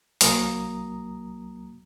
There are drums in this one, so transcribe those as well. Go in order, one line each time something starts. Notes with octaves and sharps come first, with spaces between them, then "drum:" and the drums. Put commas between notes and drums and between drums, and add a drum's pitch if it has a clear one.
C2 F#3 A#3 A#5 D#6, drum: open hi-hat